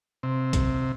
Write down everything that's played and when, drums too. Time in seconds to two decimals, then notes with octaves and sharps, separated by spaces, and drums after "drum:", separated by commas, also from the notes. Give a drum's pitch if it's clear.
0.23 C3
0.53 drum: kick A#1, hi-hat